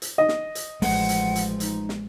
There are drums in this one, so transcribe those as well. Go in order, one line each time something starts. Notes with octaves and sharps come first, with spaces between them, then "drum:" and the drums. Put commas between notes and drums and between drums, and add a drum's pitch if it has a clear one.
drum: hi-hat
D#5
drum: snare
drum: hi-hat
A1 F3 G#3 F#5, drum: open hi-hat
drum: hi-hat
drum: hi-hat
D#4, drum: hi-hat
drum: snare